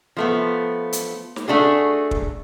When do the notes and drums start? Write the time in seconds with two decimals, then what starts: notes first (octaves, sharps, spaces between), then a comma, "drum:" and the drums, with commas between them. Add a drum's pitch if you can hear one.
0.17 F3 A3 B3
0.93 drum: hi-hat
1.36 drum: snare
1.48 A3 D4 F#4 G#4
2.11 drum: kick